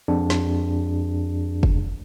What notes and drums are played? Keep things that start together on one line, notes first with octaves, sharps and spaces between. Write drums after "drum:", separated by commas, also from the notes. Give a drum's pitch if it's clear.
F2 D4 G#4
drum: snare
drum: kick